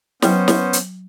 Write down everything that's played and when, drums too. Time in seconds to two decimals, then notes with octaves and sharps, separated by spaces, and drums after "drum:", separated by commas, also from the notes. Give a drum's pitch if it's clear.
0.22 F#3 B3 C#4 C5 G5, drum: snare
0.48 drum: snare
0.73 drum: hi-hat